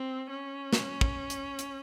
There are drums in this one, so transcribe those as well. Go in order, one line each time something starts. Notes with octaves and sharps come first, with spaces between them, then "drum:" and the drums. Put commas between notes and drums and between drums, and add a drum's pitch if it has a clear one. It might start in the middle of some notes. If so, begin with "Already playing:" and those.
Already playing: C4
C#4
drum: snare
drum: kick
drum: hi-hat
drum: hi-hat